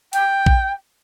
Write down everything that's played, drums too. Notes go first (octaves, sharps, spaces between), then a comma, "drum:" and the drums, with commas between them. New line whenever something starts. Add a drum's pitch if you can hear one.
G5, drum: hi-hat
drum: kick A#1